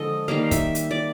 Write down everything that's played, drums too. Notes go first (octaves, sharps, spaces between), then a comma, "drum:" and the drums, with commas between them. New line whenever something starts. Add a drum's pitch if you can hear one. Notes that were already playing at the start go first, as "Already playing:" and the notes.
Already playing: D3 F3 G#3 A4 D#5
D#3 G3 A#3 F5
E5, drum: kick, hi-hat
drum: hi-hat
D5